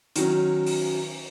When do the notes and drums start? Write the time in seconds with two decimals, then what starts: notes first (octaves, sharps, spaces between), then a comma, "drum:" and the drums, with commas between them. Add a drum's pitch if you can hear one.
0.16 D#3 F#3 C#4, drum: hi-hat
0.66 drum: open hi-hat